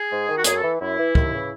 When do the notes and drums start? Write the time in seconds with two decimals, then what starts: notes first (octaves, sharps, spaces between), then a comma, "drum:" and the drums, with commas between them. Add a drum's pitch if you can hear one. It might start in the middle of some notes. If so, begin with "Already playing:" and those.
Already playing: G#4
0.10 G#2
0.28 D#3
0.36 F#4
0.44 F#2 G#4, drum: hi-hat
0.57 A4
0.62 E3
0.79 F#2 E4
0.98 E3
1.15 D#2, drum: kick
1.32 C#3 E3